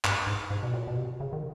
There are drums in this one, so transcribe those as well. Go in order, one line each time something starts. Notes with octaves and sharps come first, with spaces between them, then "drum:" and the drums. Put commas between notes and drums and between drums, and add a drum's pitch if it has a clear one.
G2, drum: clap
G#2
G#2
B2
A#2
B2
C3
C#3
D#3